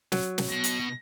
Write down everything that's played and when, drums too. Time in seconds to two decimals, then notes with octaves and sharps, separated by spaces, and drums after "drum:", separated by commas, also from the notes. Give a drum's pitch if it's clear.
0.12 F#3, drum: snare
0.38 drum: snare
0.51 B2 A#6
0.64 drum: hi-hat